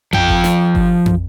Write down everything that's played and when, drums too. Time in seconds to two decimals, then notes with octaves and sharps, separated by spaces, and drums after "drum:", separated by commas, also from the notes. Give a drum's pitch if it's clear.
0.13 F3 G5, drum: tom F2
0.28 drum: kick G1
0.44 drum: snare
0.75 drum: kick G1
1.06 drum: tom F2